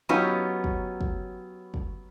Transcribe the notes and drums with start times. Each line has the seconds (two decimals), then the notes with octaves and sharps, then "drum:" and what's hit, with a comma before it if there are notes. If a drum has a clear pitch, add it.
0.09 F#3 B3 C#4 D#4 F4 G4
0.64 drum: kick
1.01 drum: kick
1.74 drum: kick